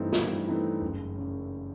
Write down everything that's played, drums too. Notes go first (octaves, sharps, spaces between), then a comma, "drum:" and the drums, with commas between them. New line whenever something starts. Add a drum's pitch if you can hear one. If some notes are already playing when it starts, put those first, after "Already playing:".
Already playing: G2 E3 A3 C4 D#4
G2, drum: snare
E3 A3 C4 D#4
F#1
F#2 C#3